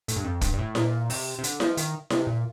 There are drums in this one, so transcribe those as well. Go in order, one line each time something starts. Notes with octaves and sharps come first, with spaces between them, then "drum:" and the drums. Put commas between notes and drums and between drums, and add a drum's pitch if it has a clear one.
A2, drum: hi-hat
G2
F2
G2, drum: kick, hi-hat
G2
A2
A#2, drum: snare E4
C3, drum: open hi-hat
C3
D3, drum: hi-hat
F3, drum: snare E4
D#3, drum: hi-hat
C3, drum: snare E4
A#2